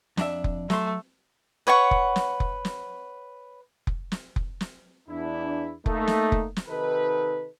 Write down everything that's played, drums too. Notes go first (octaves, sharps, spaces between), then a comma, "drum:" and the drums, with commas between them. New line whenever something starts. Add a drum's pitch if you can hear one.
F2 D4 E5, drum: snare
drum: kick F1
F#3 A3 C6, drum: snare
B4 C#5 F#5 C#6
drum: kick F1
drum: snare
drum: kick F1
drum: snare
drum: kick F1
drum: snare
drum: kick F1
drum: snare
E2 D4 E4
A3 A#3 D#4, drum: kick F1
drum: snare
drum: kick F1
drum: snare
C3 D#3 D#4 A4 B4